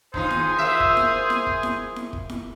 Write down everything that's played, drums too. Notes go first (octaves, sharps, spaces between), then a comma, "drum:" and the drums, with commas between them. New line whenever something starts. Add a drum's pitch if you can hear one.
D#2 D#4 F4 G#4 C5, drum: kick
drum: snare E4
A#3 F4 E5
drum: kick
drum: snare E4
drum: snare E4
drum: kick
drum: snare E4
drum: snare E4
drum: kick
drum: snare E4